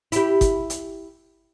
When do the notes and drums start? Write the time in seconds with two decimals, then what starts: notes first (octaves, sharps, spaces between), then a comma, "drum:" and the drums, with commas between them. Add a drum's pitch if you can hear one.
0.12 E4 G4, drum: hi-hat
0.41 drum: kick G1, hi-hat
0.70 drum: hi-hat